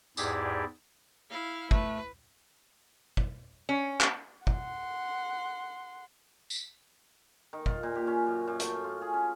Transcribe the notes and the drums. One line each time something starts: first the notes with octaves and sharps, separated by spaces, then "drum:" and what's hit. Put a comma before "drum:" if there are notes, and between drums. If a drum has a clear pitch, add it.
E2 G#2 E4 G4 G#4 D5, drum: tambourine
E4 F5
A3 B4, drum: kick
drum: kick
C#4
drum: clap
F#5 C6, drum: kick
drum: tambourine
D#3
F4, drum: kick
A#2
G4
C#4
F#2
F#2
A3, drum: hi-hat
F4
G#4
C#4